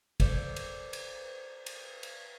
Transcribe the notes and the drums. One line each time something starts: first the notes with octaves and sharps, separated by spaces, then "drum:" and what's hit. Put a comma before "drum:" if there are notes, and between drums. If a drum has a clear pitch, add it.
A4 C5 D5, drum: kick, cymbal
drum: cymbal
drum: cymbal
drum: cymbal
drum: cymbal